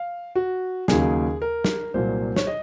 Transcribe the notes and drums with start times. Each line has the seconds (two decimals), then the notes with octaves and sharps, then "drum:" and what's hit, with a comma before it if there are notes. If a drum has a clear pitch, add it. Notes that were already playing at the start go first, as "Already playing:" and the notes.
Already playing: F5
0.35 F#4
0.88 D#2 C#3 F#3 A#3 D#4 G#4, drum: snare
1.42 A#4
1.65 drum: snare
1.94 C2 A#2 F#3 A#3 C5
2.36 C#5, drum: snare
2.47 D#5